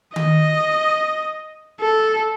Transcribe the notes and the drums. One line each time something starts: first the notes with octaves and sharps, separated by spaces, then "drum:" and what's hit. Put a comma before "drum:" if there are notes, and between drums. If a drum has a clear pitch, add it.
D#5, drum: tom D#3
A4